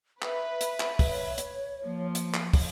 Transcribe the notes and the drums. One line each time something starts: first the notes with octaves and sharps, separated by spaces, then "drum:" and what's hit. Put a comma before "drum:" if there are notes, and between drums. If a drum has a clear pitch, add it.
B4 E5, drum: clap
drum: hi-hat
drum: clap
drum: kick, open hi-hat
C#5
drum: hi-hat
F3 A#3
drum: hi-hat
drum: clap
drum: kick, open hi-hat